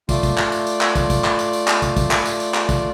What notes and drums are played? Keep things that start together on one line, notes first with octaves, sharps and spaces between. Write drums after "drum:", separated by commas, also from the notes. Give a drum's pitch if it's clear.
A3 F4 D5, drum: kick, tambourine
drum: kick, tambourine
drum: clap
drum: tambourine
drum: tambourine
drum: clap
drum: kick, tambourine
drum: kick, tambourine
drum: clap
drum: tambourine
drum: tambourine
drum: clap
drum: kick, tambourine
drum: kick, tambourine
drum: clap
drum: tambourine
drum: tambourine
drum: clap
drum: kick, tambourine